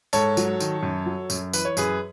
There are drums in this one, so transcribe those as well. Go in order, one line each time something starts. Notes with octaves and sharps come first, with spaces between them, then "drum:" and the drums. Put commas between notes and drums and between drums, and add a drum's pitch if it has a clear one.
G#2 A4 C#5, drum: tambourine
F#3, drum: tambourine
D#3, drum: tambourine
F#2
F#3
F#2, drum: tambourine
E3 B4, drum: tambourine
C#5
F#2 G#4 B4, drum: tambourine